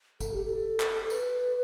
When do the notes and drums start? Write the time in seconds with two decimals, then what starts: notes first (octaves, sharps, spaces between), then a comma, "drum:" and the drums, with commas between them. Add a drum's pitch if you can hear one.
0.20 A4, drum: kick, tambourine
0.33 G4
0.46 A4
0.80 drum: clap
1.10 B4, drum: tambourine